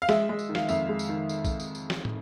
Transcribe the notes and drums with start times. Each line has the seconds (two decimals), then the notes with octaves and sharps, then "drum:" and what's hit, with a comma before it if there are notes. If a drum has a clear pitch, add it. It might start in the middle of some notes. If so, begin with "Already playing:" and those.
0.02 F5
0.09 G#3 E5, drum: snare
0.29 G#3
0.39 drum: tambourine
0.49 D#3
0.55 F5, drum: snare
0.69 F2 E5, drum: tambourine
0.89 G#3
0.99 drum: tambourine
1.09 D#3
1.29 drum: tambourine
1.45 drum: kick, tambourine
1.60 drum: tambourine
1.75 drum: tambourine
1.90 drum: snare
2.05 drum: tom